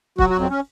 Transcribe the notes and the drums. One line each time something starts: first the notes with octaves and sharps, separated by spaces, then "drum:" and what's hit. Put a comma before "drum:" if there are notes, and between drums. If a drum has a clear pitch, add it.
F#3 F#4, drum: kick C#1
F#4
F2
C4
C#4